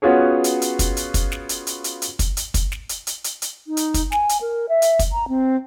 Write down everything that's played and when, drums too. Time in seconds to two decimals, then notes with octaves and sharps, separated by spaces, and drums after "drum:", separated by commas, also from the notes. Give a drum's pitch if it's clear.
0.02 B3 C#4 F4 F#4 G#4 C#5
0.44 drum: hi-hat
0.62 drum: hi-hat
0.79 drum: kick, hi-hat
0.97 drum: hi-hat
1.14 drum: kick, hi-hat
1.32 drum: snare
1.49 drum: hi-hat
1.67 drum: hi-hat
1.84 drum: hi-hat
2.02 drum: hi-hat
2.19 drum: kick, hi-hat
2.37 drum: hi-hat
2.54 drum: kick, hi-hat
2.72 drum: snare
2.89 drum: hi-hat
3.07 drum: hi-hat
3.24 drum: hi-hat
3.42 drum: hi-hat
3.67 D#4
3.77 drum: hi-hat
3.94 drum: kick, hi-hat
4.12 G#5, drum: snare
4.29 drum: hi-hat
4.41 A#4
4.69 E5
4.82 drum: hi-hat
4.99 drum: kick, hi-hat
5.13 A#5
5.28 C4